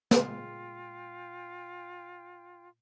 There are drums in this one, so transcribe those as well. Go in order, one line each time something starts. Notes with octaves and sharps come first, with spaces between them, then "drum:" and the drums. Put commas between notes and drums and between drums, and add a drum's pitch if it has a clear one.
A#2 G#3 F4 G5, drum: snare